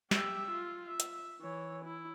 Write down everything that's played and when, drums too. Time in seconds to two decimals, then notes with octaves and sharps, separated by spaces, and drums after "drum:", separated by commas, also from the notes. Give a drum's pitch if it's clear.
0.11 G4 E5, drum: snare
0.51 F4
0.87 E5
1.00 drum: hi-hat
1.41 E3 C#5
1.84 E4